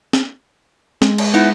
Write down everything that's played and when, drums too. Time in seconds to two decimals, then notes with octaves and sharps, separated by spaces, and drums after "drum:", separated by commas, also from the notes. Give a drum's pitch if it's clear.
0.13 drum: snare
1.02 G#3, drum: snare
1.18 drum: cymbal
1.34 B3 D#4 E4